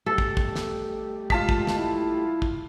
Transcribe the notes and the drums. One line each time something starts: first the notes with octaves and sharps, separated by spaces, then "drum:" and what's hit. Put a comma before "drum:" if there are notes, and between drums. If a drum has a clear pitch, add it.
G3 A3 G4 A4
drum: kick
drum: kick
drum: snare
G#3 F4 A5 B6, drum: kick
drum: kick
drum: snare
E4
drum: kick